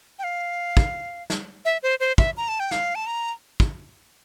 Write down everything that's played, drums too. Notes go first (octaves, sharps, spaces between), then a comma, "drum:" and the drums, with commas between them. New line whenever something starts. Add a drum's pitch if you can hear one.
G5
F5
drum: kick
drum: snare
E5
C5
C5
E5, drum: kick
A#5
A5
G5
F5, drum: snare
A5
A#5
drum: kick